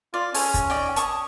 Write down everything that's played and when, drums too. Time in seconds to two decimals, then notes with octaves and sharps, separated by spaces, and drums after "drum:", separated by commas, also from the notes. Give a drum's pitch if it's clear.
0.14 F4 D5
0.34 C#4 G#4 A4, drum: open hi-hat
0.54 drum: kick, hi-hat
0.70 D#4 D5 G5
0.96 A5 C#6 D#6, drum: hi-hat